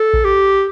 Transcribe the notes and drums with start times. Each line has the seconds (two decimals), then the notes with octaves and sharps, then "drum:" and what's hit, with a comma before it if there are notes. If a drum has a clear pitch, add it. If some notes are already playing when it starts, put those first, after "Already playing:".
Already playing: A4
0.14 drum: kick A1
0.24 G4